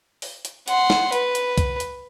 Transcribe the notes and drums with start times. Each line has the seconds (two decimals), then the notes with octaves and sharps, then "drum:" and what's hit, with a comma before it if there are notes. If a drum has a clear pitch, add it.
0.22 drum: open hi-hat
0.45 drum: hi-hat
0.68 F#5 C6, drum: hi-hat
0.90 drum: snare
1.12 B4, drum: hi-hat
1.35 drum: hi-hat
1.58 drum: kick C2, hi-hat
1.80 drum: hi-hat